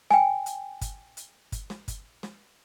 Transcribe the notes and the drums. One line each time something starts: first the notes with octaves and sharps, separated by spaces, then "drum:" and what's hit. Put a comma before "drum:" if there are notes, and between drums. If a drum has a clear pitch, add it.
G5 G#5, drum: snare
drum: hi-hat
drum: kick G1, hi-hat
drum: hi-hat
drum: kick G1, hi-hat
drum: snare
drum: kick G1, hi-hat
drum: snare